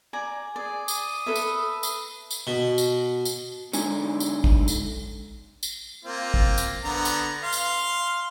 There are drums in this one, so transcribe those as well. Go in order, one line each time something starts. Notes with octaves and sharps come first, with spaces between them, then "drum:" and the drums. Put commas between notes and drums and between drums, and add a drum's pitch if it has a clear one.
D5 G#5 A#5
G#4 D5
D#6, drum: tambourine
A4 B4 E5
drum: tambourine
drum: tambourine
drum: tambourine
B2
drum: tambourine
drum: tambourine
D3 G#3 D#4 G#5, drum: tambourine
drum: tambourine
drum: kick A1
drum: tambourine
drum: tambourine
A#3 C4 F4
drum: kick A1
drum: tambourine
D3 B3 A#5
drum: tambourine
F5 C6
drum: tambourine